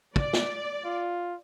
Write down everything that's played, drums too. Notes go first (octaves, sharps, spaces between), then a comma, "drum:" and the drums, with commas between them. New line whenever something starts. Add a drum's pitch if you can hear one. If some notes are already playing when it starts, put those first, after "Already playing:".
D5, drum: kick
drum: snare
F4